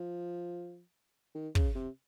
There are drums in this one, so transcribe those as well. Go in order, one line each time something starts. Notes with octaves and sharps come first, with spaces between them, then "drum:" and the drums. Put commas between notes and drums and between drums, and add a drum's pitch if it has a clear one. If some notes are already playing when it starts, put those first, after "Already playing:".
Already playing: F3
D#3
C#3, drum: kick
C3